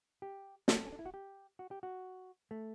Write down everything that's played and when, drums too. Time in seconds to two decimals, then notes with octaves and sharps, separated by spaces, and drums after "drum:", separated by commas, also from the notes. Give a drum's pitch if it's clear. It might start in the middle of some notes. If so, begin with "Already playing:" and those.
0.22 G4
0.68 A4, drum: snare
0.85 C#4
0.92 D4
0.99 E4
1.06 F#4
1.14 G4
1.59 F#4
1.71 G4
1.83 F#4
2.51 A3